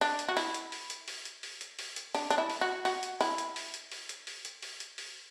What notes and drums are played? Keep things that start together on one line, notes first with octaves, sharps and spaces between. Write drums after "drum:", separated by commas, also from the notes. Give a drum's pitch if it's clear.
D4, drum: open hi-hat
drum: hi-hat
F#4
E4, drum: open hi-hat
drum: hi-hat
drum: open hi-hat
drum: hi-hat
drum: open hi-hat
drum: hi-hat
drum: open hi-hat
drum: hi-hat
drum: open hi-hat
drum: hi-hat
D4, drum: open hi-hat
D4, drum: hi-hat
E4
drum: open hi-hat
F#4
F#4, drum: open hi-hat
drum: hi-hat
E4, drum: open hi-hat
drum: hi-hat
drum: open hi-hat
drum: hi-hat
drum: open hi-hat
drum: hi-hat
drum: open hi-hat
drum: hi-hat
drum: open hi-hat
drum: hi-hat
drum: open hi-hat